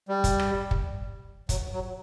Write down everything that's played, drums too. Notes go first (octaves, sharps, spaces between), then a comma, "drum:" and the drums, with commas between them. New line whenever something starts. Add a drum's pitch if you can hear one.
G3
drum: kick, hi-hat
drum: rim click
drum: kick
F#3, drum: kick, hi-hat
F#3